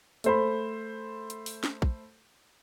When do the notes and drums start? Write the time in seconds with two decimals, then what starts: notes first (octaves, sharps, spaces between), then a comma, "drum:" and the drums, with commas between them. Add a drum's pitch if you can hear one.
0.24 A3 C5 B5, drum: hi-hat
1.30 drum: hi-hat
1.46 drum: open hi-hat
1.64 drum: snare
1.82 drum: kick